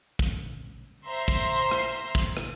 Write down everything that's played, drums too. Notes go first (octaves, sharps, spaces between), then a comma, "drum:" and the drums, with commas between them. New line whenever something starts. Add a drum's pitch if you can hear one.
drum: kick
C5 E5 A#5 C6
drum: kick
drum: rim click
drum: kick
drum: rim click